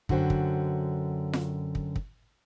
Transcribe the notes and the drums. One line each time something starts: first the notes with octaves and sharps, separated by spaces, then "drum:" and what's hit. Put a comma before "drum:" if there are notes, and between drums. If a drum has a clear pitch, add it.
F#2 D3 F#4 C5 G5, drum: kick
drum: kick
drum: snare F4
drum: kick
drum: kick